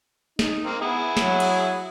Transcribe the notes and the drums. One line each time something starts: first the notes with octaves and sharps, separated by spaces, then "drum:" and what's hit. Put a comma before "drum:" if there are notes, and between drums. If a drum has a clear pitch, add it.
D#4, drum: snare
A#3 C4
B3 E4 G#4
F#3, drum: snare
drum: cymbal